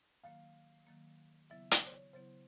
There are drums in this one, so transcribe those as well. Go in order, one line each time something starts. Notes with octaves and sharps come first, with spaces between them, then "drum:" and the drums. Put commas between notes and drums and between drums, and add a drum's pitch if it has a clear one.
D#3 F#3 A#3 F5
D#3 F#3 A#3
C#3 F#3 B3 E4 E5
D5, drum: hi-hat
C5
C#5
C#3 F#3 B3 E4 C5